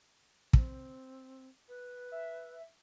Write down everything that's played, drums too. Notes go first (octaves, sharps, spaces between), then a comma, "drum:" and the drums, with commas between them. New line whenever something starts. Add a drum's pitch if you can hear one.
C4, drum: kick
B4
E5